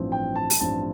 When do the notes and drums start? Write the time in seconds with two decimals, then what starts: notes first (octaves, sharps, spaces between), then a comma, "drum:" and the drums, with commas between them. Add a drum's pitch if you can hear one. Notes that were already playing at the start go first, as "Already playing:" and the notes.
Already playing: A1 G2 F3 C4
0.12 G5
0.36 A5
0.50 drum: open hi-hat
0.60 A1 G2 F3 C4 A5